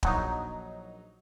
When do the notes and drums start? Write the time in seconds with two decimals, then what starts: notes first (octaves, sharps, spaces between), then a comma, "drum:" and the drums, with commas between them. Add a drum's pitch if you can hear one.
0.03 A#1 F#3 D#4, drum: kick